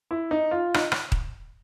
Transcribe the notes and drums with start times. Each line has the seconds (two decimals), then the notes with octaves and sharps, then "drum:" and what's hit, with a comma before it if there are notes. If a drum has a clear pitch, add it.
0.11 E4
0.31 D#4
0.51 F4
0.74 D#4, drum: rim click
0.92 drum: rim click
1.12 drum: kick D#1